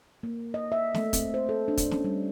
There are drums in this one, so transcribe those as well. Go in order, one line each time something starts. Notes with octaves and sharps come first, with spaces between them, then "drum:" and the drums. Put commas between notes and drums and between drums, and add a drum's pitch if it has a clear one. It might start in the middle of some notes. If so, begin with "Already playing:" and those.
A#3
D#5
E5
A3, drum: snare
C4, drum: kick, hi-hat
C5
A4
D4
drum: kick, hi-hat
C#4, drum: snare
G3